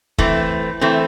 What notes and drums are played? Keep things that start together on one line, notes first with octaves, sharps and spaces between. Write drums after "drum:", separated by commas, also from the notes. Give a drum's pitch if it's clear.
E3 A3 C4, drum: kick
E3 A3 C4